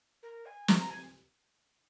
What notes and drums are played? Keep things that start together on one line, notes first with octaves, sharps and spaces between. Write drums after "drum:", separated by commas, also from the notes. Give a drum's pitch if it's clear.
A#4
G#5
A#5, drum: snare
A#5
G#5